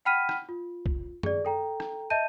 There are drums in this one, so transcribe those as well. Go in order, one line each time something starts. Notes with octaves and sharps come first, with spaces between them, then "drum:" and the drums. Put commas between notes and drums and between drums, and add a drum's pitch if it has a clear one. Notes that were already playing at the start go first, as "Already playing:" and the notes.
F#5 G5 B5 F6 B6 D#7
drum: rim click
F4
drum: kick B1
G#4 D5, drum: tom
A4 G5 A#5
drum: rim click
D#5 E5 A5 G6 D#7